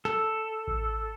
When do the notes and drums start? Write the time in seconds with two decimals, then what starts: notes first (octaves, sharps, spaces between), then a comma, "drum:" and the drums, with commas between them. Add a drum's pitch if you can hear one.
0.05 A4, drum: snare
0.67 drum: kick A1